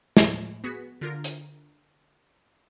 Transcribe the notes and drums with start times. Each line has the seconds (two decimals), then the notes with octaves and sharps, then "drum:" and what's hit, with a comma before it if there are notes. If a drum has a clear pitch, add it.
0.17 A2 F3 G#3, drum: snare
0.64 B3 F#4 G#4 B6
1.01 D3 F4 A#4
1.24 drum: hi-hat